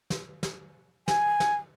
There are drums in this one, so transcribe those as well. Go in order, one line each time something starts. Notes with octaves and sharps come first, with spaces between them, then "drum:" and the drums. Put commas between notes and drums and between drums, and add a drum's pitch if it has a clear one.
drum: snare
drum: snare
G#5, drum: snare
drum: snare